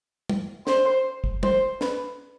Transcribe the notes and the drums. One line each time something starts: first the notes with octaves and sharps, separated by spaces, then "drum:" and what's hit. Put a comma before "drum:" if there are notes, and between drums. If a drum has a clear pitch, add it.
drum: tom
C5, drum: snare
drum: kick
C5, drum: tom
B4, drum: snare